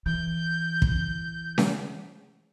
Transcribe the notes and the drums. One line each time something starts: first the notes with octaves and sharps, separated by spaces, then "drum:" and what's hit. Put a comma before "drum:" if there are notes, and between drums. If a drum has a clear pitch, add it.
E3 G6
drum: kick
drum: snare C#4